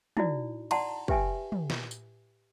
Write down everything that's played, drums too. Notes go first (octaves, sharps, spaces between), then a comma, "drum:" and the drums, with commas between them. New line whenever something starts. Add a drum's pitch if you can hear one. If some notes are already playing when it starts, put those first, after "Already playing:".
D#4 E4 F#4 D5, drum: tom
D5 F#5 A5 A#5 C6, drum: cymbal
G4 B4 E5 G5 G#5, drum: kick
drum: tom
drum: snare
drum: tambourine